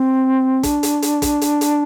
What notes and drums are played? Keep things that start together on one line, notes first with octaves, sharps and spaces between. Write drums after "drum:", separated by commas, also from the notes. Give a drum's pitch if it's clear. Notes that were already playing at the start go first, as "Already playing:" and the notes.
Already playing: C4
D4, drum: kick, hi-hat
drum: hi-hat
drum: hi-hat
drum: kick, hi-hat
drum: hi-hat
drum: hi-hat